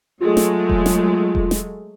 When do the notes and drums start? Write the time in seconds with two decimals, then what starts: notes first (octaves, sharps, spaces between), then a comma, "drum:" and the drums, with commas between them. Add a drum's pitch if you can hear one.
0.20 F#3 G#3 A3 F4
0.37 drum: snare
0.69 drum: kick E1
0.86 drum: snare
1.35 drum: kick E1
1.51 drum: snare